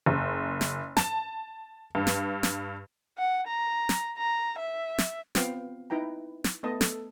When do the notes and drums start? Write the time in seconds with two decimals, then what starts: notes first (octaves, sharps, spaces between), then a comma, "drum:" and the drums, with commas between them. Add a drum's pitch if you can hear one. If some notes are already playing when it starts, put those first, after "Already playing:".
0.06 F#1
0.61 drum: snare
0.97 A5, drum: snare
1.95 G2
2.07 drum: snare
2.43 drum: snare
3.18 F#5
3.47 A#5
3.89 drum: snare
4.18 A#5
4.59 E5
4.98 drum: snare
5.35 B3 C4 F4 F5 G5, drum: snare
5.90 D#4 E4 B4 G5 A#5
6.44 drum: snare
6.63 A3 B3 D#5 A5
6.81 A4, drum: snare